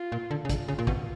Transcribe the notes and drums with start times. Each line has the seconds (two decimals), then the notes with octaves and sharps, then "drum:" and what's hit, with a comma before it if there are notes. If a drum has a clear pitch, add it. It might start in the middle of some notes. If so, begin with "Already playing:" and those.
Already playing: F4
0.12 A#2
0.31 D3
0.45 C#3
0.50 D3 F4, drum: kick, hi-hat
0.68 C#3
0.79 A#2
0.87 B2, drum: kick